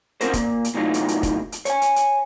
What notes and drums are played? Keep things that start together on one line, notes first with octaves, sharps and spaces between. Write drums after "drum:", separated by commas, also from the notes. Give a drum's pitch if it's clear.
C4 C#4 F4 F#4 A#4 C5, drum: hi-hat
A#2, drum: kick, hi-hat
drum: hi-hat
A2 C3 F#3 D#4 F4
drum: hi-hat
drum: hi-hat
drum: kick, hi-hat
drum: hi-hat
C#5 G#5, drum: hi-hat
drum: hi-hat
drum: hi-hat